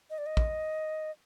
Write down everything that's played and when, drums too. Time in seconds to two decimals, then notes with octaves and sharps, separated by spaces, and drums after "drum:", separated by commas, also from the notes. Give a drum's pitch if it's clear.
0.10 D#5
0.18 D5
0.26 D#5
0.37 drum: kick